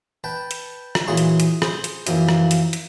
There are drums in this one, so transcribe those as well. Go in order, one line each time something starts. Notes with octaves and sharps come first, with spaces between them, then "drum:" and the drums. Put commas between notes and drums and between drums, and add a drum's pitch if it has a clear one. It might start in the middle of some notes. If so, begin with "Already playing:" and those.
B4 G5 A5
drum: hi-hat
drum: rim click
A#2 E3 F#3 G#4 C6 C#6
drum: hi-hat
drum: hi-hat
G#4 C5, drum: rim click
drum: hi-hat
F#2 E3 F3 A#3, drum: hi-hat
drum: rim click
drum: hi-hat
drum: hi-hat